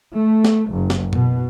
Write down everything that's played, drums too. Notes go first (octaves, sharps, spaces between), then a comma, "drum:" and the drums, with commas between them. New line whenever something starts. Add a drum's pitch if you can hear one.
A3
drum: snare
F#1
drum: snare
B2, drum: tom F#2